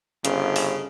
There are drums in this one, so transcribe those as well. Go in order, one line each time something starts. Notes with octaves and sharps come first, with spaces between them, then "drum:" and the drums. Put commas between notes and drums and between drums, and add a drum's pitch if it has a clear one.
G1 C#3, drum: hi-hat
drum: open hi-hat